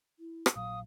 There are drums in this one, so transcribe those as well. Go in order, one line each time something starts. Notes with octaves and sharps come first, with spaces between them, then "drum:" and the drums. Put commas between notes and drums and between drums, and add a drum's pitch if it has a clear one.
E4
drum: rim click
A#1 A#2 F#3 F5 D#6